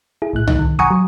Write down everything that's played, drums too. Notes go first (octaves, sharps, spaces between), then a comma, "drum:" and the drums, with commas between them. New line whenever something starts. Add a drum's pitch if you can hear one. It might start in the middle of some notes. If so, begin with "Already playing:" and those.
E4 G#4
A#1 A2 F#6
D#4 F#6, drum: tom C2
D#3
F#5 G#5 A#5 C#6 D#6, drum: kick
F#3